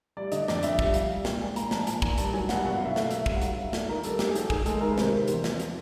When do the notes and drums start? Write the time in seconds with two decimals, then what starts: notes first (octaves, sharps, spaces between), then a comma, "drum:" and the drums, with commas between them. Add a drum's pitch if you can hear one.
0.17 G3 D5
0.32 D3 D#5, drum: hi-hat
0.48 F2 D5, drum: snare
0.63 F2 E5, drum: hi-hat
0.79 G3 E5, drum: kick
0.94 G3 F5, drum: hi-hat
1.09 G3
1.25 A#2 G5, drum: snare
1.41 G#3 G#5
1.56 A#2 A#5, drum: hi-hat
1.71 F3 A5, drum: snare
1.83 G#5
1.87 A#2 A5, drum: hi-hat
2.02 D#3 A#5, drum: kick
2.18 G2 A5, drum: hi-hat
2.33 F#3 G#5
2.49 G2 F#5, drum: snare
2.65 B2 F#5
2.76 F#3 F5
2.85 E5
2.96 A3 F5, drum: snare
3.11 A3 E5, drum: hi-hat
3.26 G2 F5, drum: kick
3.36 F#5
3.42 F#3, drum: hi-hat
3.47 F5
3.57 F#3 E5
3.73 A3 D5, drum: snare
3.89 D#3 A#4
4.04 G2 A4, drum: hi-hat
4.19 A3 G4, drum: snare
4.30 G#4
4.35 F#3, drum: hi-hat
4.41 A4
4.50 D#3 G#4, drum: kick
4.66 G#3 A4, drum: hi-hat
4.81 D#3 A#4
4.92 B4
4.98 C3 C5, drum: snare
5.13 C3
5.27 E2, drum: hi-hat
5.44 F3, drum: snare
5.60 F3, drum: hi-hat